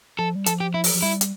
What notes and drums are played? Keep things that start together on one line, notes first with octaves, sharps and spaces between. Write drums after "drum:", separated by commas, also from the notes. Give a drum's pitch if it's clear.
F3 A4
G3
F3 A4, drum: hi-hat
G4
E4
drum: open hi-hat
F3
G3 E4
drum: hi-hat